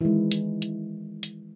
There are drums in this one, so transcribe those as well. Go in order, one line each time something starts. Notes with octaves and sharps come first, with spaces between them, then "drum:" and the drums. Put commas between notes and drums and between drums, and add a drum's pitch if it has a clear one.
D#3 E3 G#3 E4
drum: hi-hat
drum: hi-hat
drum: hi-hat